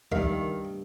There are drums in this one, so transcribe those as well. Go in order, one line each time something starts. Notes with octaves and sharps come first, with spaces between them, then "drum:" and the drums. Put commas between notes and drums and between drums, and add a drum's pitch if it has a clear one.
G2 D#3 A#4 E5 F5, drum: kick C2